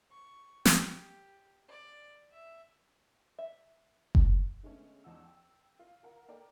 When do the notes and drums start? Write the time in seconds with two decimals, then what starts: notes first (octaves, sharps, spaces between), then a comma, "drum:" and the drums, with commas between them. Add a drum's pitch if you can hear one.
0.10 C#6
0.65 G4, drum: snare
1.69 D5
2.32 E5
3.39 E5
4.15 drum: kick F#1
4.63 D3 G#3 A3 B3 C#4
5.04 E2 F3 D#4 F#5 E6
5.25 G5
5.79 F4
6.03 F4 A#4 F#5
6.28 A#3 A4 A#4 D5 G5